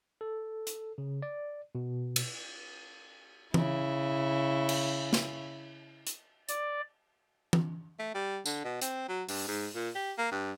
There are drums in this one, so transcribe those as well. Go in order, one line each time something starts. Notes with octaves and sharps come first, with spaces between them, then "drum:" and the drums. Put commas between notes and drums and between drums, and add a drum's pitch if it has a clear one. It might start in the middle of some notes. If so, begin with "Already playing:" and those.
A4
drum: hi-hat
C#3
D5
B2
drum: cymbal
C#3 E4, drum: tom E3
drum: cymbal
drum: snare
drum: hi-hat
D5, drum: hi-hat
drum: tom E3
A3
G3
D3, drum: tambourine
B2
C4, drum: hi-hat
F#3
G2, drum: open hi-hat
G#2
A#2
G4
A#3
G2